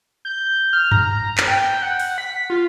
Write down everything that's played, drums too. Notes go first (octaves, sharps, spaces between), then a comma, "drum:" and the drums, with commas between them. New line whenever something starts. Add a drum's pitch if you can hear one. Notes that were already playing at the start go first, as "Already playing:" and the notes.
G6
F6
A#5, drum: tom F#2
drum: clap
G5
F#5
drum: open hi-hat
B6
F4